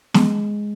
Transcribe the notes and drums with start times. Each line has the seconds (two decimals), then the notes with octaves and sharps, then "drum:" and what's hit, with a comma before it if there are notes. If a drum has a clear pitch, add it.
0.14 G#3, drum: snare